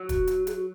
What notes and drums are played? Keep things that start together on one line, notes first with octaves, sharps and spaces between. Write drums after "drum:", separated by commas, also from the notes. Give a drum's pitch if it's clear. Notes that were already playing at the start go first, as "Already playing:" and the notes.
Already playing: F#3
F#4, drum: kick, hi-hat
drum: hi-hat
G#4, drum: hi-hat
F#4